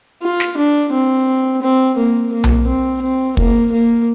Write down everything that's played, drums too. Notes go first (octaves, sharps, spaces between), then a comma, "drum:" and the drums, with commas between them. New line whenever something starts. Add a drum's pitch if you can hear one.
F4
drum: snare
D4
C4
C4
A#3
A#3
drum: tom B1
C4
C4
A#3, drum: kick
A#3